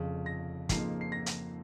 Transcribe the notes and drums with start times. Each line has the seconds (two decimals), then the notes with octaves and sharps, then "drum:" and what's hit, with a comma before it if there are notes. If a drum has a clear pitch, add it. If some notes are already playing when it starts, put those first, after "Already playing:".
Already playing: F1 F2 C#3
0.26 A#6
0.69 F2 C#3 F3 A#3 D#4 C7, drum: kick, hi-hat
1.01 C7
1.12 A#6
1.26 drum: hi-hat